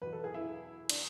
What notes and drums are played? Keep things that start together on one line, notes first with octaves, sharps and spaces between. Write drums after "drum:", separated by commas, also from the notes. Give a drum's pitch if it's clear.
E2 B2 F#3 B4
A4
G#4
E4
D4, drum: cymbal